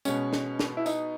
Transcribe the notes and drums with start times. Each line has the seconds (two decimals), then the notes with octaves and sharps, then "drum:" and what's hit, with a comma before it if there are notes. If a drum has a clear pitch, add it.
0.05 B2 G#3 B3 C#4, drum: tambourine
0.33 drum: snare
0.59 drum: snare
0.77 E4
0.86 D#4, drum: tambourine